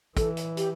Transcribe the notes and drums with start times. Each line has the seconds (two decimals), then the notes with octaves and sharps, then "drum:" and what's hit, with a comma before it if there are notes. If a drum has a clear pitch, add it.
0.17 E3 A4, drum: kick, hi-hat
0.37 drum: hi-hat
0.57 G4, drum: hi-hat